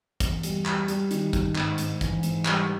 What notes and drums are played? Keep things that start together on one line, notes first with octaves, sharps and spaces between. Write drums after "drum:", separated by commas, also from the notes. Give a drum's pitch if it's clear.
E2, drum: kick, hi-hat
G3, drum: hi-hat
G3, drum: clap
G3, drum: hi-hat
D#3, drum: hi-hat
D#3, drum: kick, hi-hat
G#2, drum: clap
G#2, drum: hi-hat
E3, drum: kick, hi-hat
G#2, drum: hi-hat
G3, drum: clap